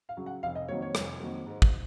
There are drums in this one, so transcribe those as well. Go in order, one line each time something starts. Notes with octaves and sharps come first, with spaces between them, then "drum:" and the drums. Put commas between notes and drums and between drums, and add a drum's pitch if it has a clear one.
F5
C#3 F#3
F#5
F1 F5
D#5
F2 D#3 F#3 A#3 C#5
C#5
F1, drum: rim click
F2 D#3 F#3 A#3
G#2
drum: kick